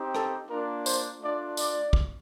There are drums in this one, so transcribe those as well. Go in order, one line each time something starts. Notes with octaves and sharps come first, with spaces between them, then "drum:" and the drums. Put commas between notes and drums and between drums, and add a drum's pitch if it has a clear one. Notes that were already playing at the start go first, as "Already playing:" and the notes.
Already playing: C4 D#4 G4
A4, drum: rim click
A#3 D4 F4 A#4
C5, drum: tambourine
A3 D4 F4 D5
D5, drum: tambourine
drum: kick